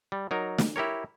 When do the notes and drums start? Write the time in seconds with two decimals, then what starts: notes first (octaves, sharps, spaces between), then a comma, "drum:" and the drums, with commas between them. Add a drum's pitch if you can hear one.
0.12 G3
0.31 F#3 D#4 A#4
0.58 drum: snare
0.76 E4 G4 A#4 C#5